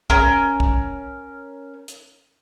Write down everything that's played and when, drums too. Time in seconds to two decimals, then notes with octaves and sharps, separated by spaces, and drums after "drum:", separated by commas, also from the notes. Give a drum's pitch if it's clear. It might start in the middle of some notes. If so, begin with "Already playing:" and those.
0.10 C#4 A#4, drum: kick
0.60 drum: kick
1.88 drum: hi-hat